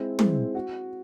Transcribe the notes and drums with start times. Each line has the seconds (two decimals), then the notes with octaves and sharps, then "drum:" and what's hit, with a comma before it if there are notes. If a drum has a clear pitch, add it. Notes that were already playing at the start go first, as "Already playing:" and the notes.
Already playing: G#3 C4 E4 C5
0.19 G#3 C4 E4 C5, drum: tom
0.55 F#4